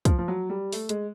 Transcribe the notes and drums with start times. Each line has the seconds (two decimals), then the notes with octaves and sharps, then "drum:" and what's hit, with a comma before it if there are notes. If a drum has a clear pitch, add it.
0.05 F3, drum: kick, hi-hat
0.18 F3
0.28 F#3
0.50 G3
0.73 A3, drum: open hi-hat
0.89 G#3, drum: hi-hat